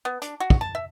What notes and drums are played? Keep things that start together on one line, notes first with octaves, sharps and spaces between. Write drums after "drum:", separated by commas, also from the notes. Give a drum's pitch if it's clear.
B3
D4, drum: hi-hat
F#4
drum: kick
A5
E5